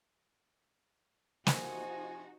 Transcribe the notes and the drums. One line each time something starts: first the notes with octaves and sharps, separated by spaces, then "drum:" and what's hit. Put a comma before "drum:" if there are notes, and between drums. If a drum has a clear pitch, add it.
C3 F3 D#4 F#4 G#5, drum: snare